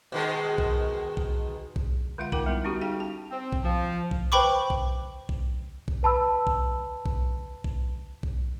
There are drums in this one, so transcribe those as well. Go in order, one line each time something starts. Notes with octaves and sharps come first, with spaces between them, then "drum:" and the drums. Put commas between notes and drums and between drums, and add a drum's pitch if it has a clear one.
B2 D#3 G#3
drum: kick A#1
drum: kick A#1
drum: kick A#1
D3 G#3 F4 E5 F#5
D#4 A#4 F#5 G5 D6, drum: kick A#1
G3 B3 E4
G3 C#4 D#4 F#4 G4
D#4 G#4 F5 G5
A5
C4
drum: kick A#1
F3
drum: kick A#1
B4 C5 G5 B5 C#6 D6
drum: kick A#1
drum: kick A#1
drum: kick A#1
B4 A5 B5 E6
drum: kick A#1
drum: kick A#1
drum: kick A#1
drum: kick A#1